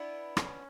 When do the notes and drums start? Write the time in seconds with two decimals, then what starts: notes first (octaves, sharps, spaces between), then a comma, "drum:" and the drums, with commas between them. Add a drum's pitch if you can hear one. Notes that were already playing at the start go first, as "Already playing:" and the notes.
Already playing: B3 D4 E4
0.37 C#4, drum: rim click